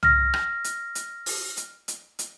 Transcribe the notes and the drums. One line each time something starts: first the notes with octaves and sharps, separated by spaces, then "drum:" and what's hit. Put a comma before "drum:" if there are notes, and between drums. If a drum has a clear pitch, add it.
F6 A#6, drum: tom
drum: rim click
drum: hi-hat
drum: hi-hat
drum: open hi-hat
drum: hi-hat
drum: hi-hat
drum: hi-hat